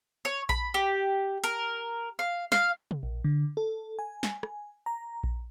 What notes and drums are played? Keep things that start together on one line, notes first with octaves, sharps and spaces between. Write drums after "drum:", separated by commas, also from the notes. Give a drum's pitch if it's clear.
C#5
B5, drum: kick A#1
G4
A#4, drum: hi-hat
F5
F5, drum: snare
drum: tom
A#1
D3
A4
G#5
drum: snare
drum: rim click
A#5
drum: kick A#1